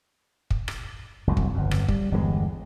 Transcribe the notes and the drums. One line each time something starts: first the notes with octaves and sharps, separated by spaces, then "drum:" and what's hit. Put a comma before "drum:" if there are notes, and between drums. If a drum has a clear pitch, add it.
drum: kick
drum: rim click
F#1 C2 B2 F#3
drum: kick
G1 F2
drum: rim click
G3, drum: kick
G1 E2 A#2 G#3